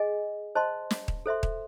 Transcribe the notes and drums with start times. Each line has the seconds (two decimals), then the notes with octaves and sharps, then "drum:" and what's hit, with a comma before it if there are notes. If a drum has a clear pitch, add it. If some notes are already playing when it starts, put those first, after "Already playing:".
Already playing: G#4 D#5 G#5
0.55 C5 D#5 A5 C6
0.91 drum: snare
1.08 drum: kick D#1
1.26 A4 C5 E5 C6
1.43 drum: kick D#1